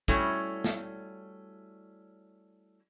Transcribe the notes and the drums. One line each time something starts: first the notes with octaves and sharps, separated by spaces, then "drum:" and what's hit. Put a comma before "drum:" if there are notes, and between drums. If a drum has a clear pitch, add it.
G3 A3 C#4 E4 F#4, drum: kick
drum: snare